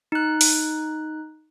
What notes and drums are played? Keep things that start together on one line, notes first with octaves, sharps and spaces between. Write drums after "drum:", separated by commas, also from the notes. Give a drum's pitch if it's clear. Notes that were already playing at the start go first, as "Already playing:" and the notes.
D#4 F#6
drum: open hi-hat